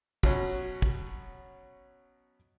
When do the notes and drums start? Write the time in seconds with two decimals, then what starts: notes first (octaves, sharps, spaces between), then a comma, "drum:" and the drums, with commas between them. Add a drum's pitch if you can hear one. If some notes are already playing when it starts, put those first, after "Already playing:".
0.23 B2 F#3 C#4, drum: kick
0.82 drum: kick